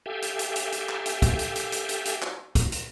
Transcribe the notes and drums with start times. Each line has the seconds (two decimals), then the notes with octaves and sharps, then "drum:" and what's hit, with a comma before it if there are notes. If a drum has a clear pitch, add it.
0.06 G4 A4 E5 F5 G5 G#5
0.22 drum: hi-hat
0.39 drum: hi-hat
0.56 drum: hi-hat
0.72 drum: hi-hat
0.89 drum: clap
1.06 drum: hi-hat
1.22 drum: kick, hi-hat
1.39 drum: hi-hat
1.56 drum: hi-hat
1.72 drum: hi-hat
1.89 drum: hi-hat
2.05 drum: hi-hat
2.22 drum: clap
2.55 drum: kick, hi-hat
2.72 drum: hi-hat